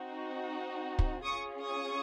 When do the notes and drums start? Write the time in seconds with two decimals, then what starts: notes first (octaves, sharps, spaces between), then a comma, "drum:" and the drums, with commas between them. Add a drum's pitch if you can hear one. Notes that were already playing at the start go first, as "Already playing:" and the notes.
Already playing: C4 D#4 F#4
0.99 drum: kick
1.24 C#4 F4 G#4 C#6 D#6
1.63 C#6 D#6